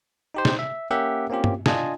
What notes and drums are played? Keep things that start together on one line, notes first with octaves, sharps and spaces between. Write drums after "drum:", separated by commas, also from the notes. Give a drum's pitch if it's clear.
D#4 G4 C5
drum: snare
E5
A#3 C#4 G4 A#4 E5 F#5
A#3 C4 C#4 F4 G4
drum: tom
D4 F4 D#5 G#5 A5, drum: snare